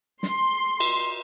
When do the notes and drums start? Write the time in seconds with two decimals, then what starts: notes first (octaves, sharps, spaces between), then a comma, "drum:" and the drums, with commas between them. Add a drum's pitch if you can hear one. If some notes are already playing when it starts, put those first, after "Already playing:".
0.23 C6, drum: snare
0.80 drum: cymbal